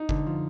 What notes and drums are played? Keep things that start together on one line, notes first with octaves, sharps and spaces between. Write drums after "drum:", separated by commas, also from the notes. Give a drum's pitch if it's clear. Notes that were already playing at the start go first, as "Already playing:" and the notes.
Already playing: D#4
D3, drum: kick G1
F3